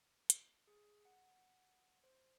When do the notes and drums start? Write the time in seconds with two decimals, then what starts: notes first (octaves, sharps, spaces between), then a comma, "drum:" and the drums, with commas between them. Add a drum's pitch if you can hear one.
0.30 drum: hi-hat
0.67 G#4
1.05 F#5
2.04 C5